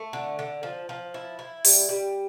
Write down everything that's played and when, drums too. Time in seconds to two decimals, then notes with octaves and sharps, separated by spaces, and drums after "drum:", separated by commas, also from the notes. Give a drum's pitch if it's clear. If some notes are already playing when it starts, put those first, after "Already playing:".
Already playing: A3
0.13 D3
0.39 D3
0.63 F3
0.89 F3
1.14 E4
1.39 E4
1.65 G3, drum: open hi-hat
1.89 G3